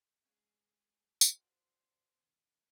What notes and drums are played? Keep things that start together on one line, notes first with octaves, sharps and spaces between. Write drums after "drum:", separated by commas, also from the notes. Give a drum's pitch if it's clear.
G#3 C#4 G#4 F5 F#6
drum: tambourine
D4 F4 F#4 A#4 C5 G5
B2 D#3